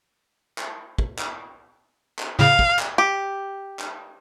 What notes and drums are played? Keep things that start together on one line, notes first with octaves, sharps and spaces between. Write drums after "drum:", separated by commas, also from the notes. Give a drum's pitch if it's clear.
drum: clap
drum: kick
drum: clap
drum: clap
A2 C#3 F5
drum: kick
drum: clap
G4
drum: clap